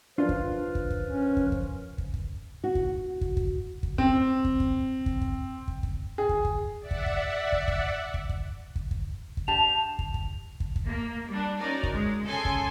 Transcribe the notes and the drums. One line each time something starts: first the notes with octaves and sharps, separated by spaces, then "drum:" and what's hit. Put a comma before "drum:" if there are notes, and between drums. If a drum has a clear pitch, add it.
F3 D4 F4 A#4 B4
drum: kick
drum: kick
drum: kick
C#4
drum: kick
drum: kick
drum: kick
drum: kick
F#4
drum: kick
drum: kick
drum: kick
drum: kick
C4, drum: kick
drum: kick
drum: kick
drum: kick
drum: kick
drum: kick
drum: kick
G#4
drum: kick
drum: kick
D5 E5 F#5
drum: kick
drum: kick
drum: kick
drum: kick
drum: kick
drum: kick
drum: kick
drum: kick
drum: kick
D4 G4 A5 F7
drum: kick
drum: kick
drum: kick
drum: kick
A#3
G3 D4
C#4 D#4 F#4 A#4 D5
drum: kick
G#3
C#3 A4 G#5 C6
drum: kick